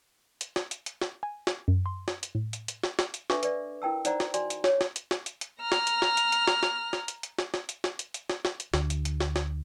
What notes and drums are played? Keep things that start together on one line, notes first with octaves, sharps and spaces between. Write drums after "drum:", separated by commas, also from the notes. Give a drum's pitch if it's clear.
drum: hi-hat
drum: snare
drum: hi-hat
drum: hi-hat
drum: snare
G#5
drum: snare
F#2
C6
drum: snare
drum: hi-hat
A2
drum: hi-hat
drum: hi-hat
drum: snare
drum: snare
drum: hi-hat
D4 A4 B4 E5 C#6 D6, drum: snare
B4 D5 E5, drum: hi-hat
E4 A#4 G5 A5 E6
D#4 C5 D5 F#5 A#5, drum: hi-hat
drum: snare
F#4 D5 G#5 C6, drum: hi-hat
drum: hi-hat
C#5, drum: snare
drum: snare
drum: hi-hat
drum: snare
drum: hi-hat
drum: hi-hat
A#5 F6
drum: snare
drum: hi-hat
drum: snare
drum: hi-hat
drum: hi-hat
drum: snare
drum: snare
drum: snare
drum: hi-hat
drum: hi-hat
drum: snare
drum: snare
drum: hi-hat
drum: snare
drum: hi-hat
drum: hi-hat
drum: snare
drum: snare
drum: hi-hat
D2, drum: snare
drum: hi-hat
drum: hi-hat
drum: snare
drum: snare